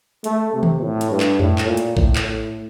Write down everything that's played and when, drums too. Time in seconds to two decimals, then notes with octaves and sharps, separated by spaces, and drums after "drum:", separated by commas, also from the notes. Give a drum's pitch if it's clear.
0.24 A3, drum: hi-hat
0.54 C3
0.63 drum: tom D#3
0.82 A2
1.01 drum: hi-hat
1.11 G2
1.20 drum: clap
1.39 A2, drum: tom E2
1.58 drum: clap
1.68 A#2
1.77 drum: hi-hat
1.97 A2, drum: kick A1
2.16 drum: clap
2.25 A2